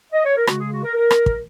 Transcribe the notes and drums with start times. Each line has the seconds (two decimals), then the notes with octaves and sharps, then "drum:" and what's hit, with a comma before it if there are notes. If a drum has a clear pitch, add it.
0.13 D#5
0.25 C#5
0.36 A#4
0.47 C#3 G#3 F#4, drum: rim click
0.60 G#4
0.72 F#4
0.83 A#4
0.95 A#4
1.11 drum: rim click
1.26 drum: kick